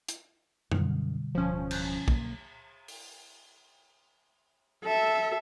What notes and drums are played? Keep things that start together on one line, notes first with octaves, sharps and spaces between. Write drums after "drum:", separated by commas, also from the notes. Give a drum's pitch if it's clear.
drum: hi-hat
F#2 B2 D3 G3, drum: tom F#2
D1 F3 C#4
F#6 G6, drum: cymbal
B1 A#3, drum: kick A#1
drum: open hi-hat
A4 E5